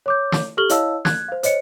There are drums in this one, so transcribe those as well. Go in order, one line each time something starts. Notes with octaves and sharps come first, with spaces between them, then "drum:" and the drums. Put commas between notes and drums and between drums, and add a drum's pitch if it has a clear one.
C#5 D6 G6
drum: snare
G4 A4 C#6 F6 F#7 G7
E4 C#5 D#5 F5 A5 E6, drum: hi-hat
F#6 G#6, drum: snare
C5 F5
C5 C#5 D#5 C#7, drum: hi-hat